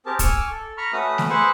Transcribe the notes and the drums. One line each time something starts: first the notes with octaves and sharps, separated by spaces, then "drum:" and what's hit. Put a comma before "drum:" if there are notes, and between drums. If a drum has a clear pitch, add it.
C4 G4 G#4 A#4 A5
G#5 C#6 D6 E6 F6, drum: kick, hi-hat
A4
A#5 B5 C#6 F6
A3 C#4 F#4 B4 D#6
drum: snare A3
G#4 B4 C5 C#6 E6 F#6